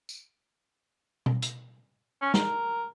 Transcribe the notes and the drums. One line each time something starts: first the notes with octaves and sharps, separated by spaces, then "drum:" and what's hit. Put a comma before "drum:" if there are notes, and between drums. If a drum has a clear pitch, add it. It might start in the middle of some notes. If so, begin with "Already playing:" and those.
drum: tambourine
drum: tom B2
drum: hi-hat
C#4
A#4, drum: snare